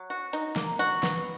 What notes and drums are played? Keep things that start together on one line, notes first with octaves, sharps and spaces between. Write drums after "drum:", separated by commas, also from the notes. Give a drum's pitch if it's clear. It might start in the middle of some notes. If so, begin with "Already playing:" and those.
Already playing: F#3
F#4
D#4, drum: hi-hat
A#3, drum: snare
F#4, drum: hi-hat
B3, drum: snare